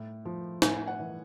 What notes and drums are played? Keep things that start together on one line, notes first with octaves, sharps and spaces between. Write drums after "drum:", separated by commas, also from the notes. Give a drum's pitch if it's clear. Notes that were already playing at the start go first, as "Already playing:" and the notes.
Already playing: A2
F3
A2 G#5, drum: snare
F#5
E3